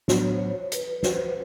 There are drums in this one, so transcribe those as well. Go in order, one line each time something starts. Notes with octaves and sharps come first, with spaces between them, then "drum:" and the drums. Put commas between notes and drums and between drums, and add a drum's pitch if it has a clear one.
A2 F#3 B3 D4 F#4, drum: snare
C#5
C5
C#5
B4, drum: hi-hat
B4
C5, drum: snare